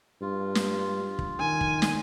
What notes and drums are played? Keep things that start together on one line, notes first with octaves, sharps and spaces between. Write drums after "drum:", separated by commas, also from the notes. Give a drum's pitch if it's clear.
G2 F4
drum: snare
drum: kick
D#3 G#5
drum: kick
drum: snare